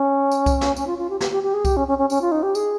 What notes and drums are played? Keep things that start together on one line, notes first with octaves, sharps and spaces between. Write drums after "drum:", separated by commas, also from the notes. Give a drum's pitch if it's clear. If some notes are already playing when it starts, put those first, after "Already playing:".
Already playing: C#4
drum: tambourine
drum: kick C2, tambourine
drum: snare
C#4, drum: tambourine
F4
F4
G4
G4, drum: snare
G4
G4
G#4
G4, drum: kick C2, tambourine
C#4
C#4
C#4
C#4, drum: tambourine
F4
D#4
G4
G#4, drum: tambourine